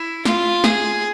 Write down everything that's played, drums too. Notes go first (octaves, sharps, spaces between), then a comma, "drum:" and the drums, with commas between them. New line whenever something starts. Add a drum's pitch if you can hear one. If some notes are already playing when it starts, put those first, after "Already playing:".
Already playing: E4
F4, drum: snare
G#4, drum: snare